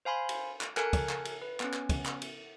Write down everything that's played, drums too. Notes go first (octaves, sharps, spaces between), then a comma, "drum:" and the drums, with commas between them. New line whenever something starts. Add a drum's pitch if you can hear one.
C5 F5 G#5 B5 C6
drum: cymbal
drum: clap
A4 A#4 G#5 F#6 G#6 C#7, drum: clap
drum: kick, cymbal
drum: clap
drum: cymbal
B4
B3 C#4, drum: clap
drum: clap
drum: kick, cymbal
drum: clap
drum: cymbal